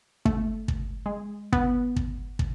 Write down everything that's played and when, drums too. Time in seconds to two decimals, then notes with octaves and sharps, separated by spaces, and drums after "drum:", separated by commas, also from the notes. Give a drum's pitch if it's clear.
0.26 A3, drum: kick
0.68 drum: kick
1.06 G#3
1.53 B3, drum: kick
1.96 drum: kick
2.39 drum: kick